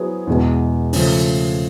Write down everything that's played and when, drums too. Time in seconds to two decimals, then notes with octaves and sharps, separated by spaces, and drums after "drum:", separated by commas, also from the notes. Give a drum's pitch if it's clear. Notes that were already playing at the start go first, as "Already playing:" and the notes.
Already playing: F#3 B3 E4 G#4 C5
0.27 E2 B2 G#3
0.93 C#3 F3 A3, drum: open hi-hat